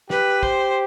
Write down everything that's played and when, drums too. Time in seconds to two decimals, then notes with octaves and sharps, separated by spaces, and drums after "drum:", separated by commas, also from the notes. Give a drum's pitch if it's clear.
0.10 G4 B4, drum: snare
0.43 C5, drum: kick